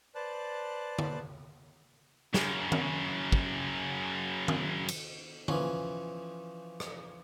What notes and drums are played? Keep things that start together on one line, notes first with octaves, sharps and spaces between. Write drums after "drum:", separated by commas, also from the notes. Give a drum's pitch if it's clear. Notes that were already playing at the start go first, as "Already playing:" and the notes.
B4 C5 D5 A5 F#6
drum: tom D3
F#2 C#3, drum: snare
drum: tom D#3
drum: kick
drum: tom D#3
drum: cymbal
E3 F3 C#4, drum: tom D3
drum: rim click